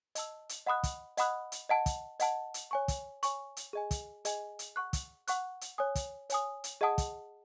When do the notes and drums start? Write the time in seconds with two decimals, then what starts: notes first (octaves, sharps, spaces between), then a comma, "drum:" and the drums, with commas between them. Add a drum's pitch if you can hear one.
0.15 D#5 A5 E6, drum: hi-hat
0.49 drum: hi-hat
0.66 D#5 F#5 B5 D#6 F#6
0.84 drum: kick, hi-hat
1.17 D#5 F#5 B5 D#6 F#6, drum: hi-hat
1.52 drum: hi-hat
1.69 D#5 F#5 A5
1.86 drum: kick, hi-hat
2.20 D#5 F#5 A5, drum: hi-hat
2.54 drum: hi-hat
2.71 C#5 G#5 C#6
2.88 drum: kick, hi-hat
3.23 C#5 G#5 C#6, drum: hi-hat
3.57 drum: hi-hat
3.73 G#4 D#5 G#5
3.91 drum: kick, hi-hat
4.25 G#4 D#5 G#5, drum: hi-hat
4.59 drum: hi-hat
4.76 F#5 C#6 F#6
4.93 drum: kick, hi-hat
5.28 F#5 C#6 F#6, drum: hi-hat
5.61 drum: hi-hat
5.78 C#5 G#5 D#6
5.95 drum: kick, hi-hat
6.30 C#5 G#5 D#6, drum: hi-hat
6.64 drum: hi-hat
6.81 G#4 D#5 F#5 A5 D#6
6.98 drum: kick, hi-hat